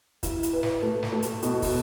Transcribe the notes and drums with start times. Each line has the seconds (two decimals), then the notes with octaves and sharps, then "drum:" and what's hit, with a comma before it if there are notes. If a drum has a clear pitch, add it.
0.23 E4, drum: kick, hi-hat
0.43 drum: hi-hat
0.53 B4
0.63 drum: snare
0.82 A3
1.03 drum: snare
1.12 A3
1.22 drum: hi-hat
1.42 B2, drum: hi-hat
1.62 drum: kick, open hi-hat